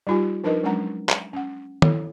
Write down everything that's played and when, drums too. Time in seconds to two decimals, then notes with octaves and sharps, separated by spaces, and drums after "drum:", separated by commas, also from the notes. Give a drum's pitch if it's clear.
0.07 G3 D#4 F4 G4 G#5
0.44 F3 D4 D#4 A#4 B4 D#5
0.63 F#3 G#3 C#4 D4 F#5 A#5
1.09 A#5, drum: clap
1.33 C#4 F#5
1.82 E4 A4 C#5, drum: tom D#3